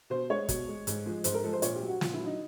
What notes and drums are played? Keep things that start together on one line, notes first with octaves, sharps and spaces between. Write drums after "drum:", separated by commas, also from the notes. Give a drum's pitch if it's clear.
B2 C5
G#3 C#5
B2, drum: kick, hi-hat
G#3
G#2, drum: hi-hat
F3 G#3
G#2 C5, drum: hi-hat
A#4
F3 G#3 A4
C5
A#2 C#5, drum: hi-hat
G4
F#3
F#4
A#2 F4, drum: snare
E4
F#3
D#4